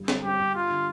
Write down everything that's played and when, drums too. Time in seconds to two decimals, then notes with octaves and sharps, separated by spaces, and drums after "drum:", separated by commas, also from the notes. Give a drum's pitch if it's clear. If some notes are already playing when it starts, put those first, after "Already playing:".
Already playing: G1 G3
0.08 D3, drum: snare
0.23 G2 G4
0.39 G1
0.55 G3 F4
0.71 D3